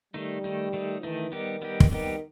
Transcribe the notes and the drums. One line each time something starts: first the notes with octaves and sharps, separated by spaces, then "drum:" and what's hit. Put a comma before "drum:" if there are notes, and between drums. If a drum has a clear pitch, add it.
D#3 G3 A3 D#4
D#3 A3 D#4
D#3 A3 D#4
D#3 E3 A3 D#4
D#3 G3 B3 D#4 G4
G3 B3 D#4 G4
drum: kick
D#3 G3 B3 D#4 G4